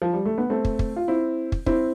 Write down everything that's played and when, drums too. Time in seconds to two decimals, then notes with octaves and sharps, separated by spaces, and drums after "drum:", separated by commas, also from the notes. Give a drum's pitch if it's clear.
0.02 F3
0.13 G3
0.25 A3
0.38 B3
0.50 A3 C4
0.65 drum: kick
0.79 drum: kick
0.96 F4
1.08 C4 E4
1.52 drum: kick
1.66 C4 E4, drum: kick